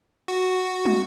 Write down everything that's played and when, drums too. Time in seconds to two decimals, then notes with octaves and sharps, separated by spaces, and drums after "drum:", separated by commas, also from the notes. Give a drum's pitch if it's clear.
0.28 F#4
0.85 drum: tom